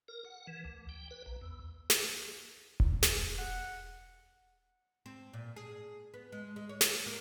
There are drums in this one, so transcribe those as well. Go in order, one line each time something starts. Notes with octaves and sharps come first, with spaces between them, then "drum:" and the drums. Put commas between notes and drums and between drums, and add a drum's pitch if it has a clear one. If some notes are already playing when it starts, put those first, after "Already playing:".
A#4
F#5
E3
D2
G5
B4
A#1
E2
drum: snare
drum: kick E1
G#4, drum: snare
F#5
C4
A#2
G#4
B3
G#3
G#3
C#5
drum: snare
A#3